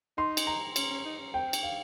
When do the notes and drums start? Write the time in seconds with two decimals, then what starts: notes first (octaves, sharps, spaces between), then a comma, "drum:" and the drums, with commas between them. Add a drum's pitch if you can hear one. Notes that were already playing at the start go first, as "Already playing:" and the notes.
0.18 D#4 C6
0.37 drum: cymbal
0.47 A#5
0.76 C#4, drum: cymbal
0.90 C#4
1.05 D#4
1.19 C#4
1.34 C4 G5
1.53 drum: cymbal
1.63 F5